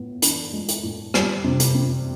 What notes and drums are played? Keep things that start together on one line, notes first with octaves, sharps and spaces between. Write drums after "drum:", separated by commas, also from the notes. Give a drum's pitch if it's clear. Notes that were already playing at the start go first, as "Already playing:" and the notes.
Already playing: A2 B3
E3 D4, drum: hi-hat
G#3
drum: hi-hat
A2
G3, drum: rim click
C3
drum: hi-hat
C4